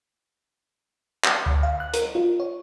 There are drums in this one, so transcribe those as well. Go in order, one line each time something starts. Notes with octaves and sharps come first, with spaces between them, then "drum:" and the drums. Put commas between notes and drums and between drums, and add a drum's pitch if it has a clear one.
drum: clap
D2
F5
F#6
A#4, drum: hi-hat
F4
C#5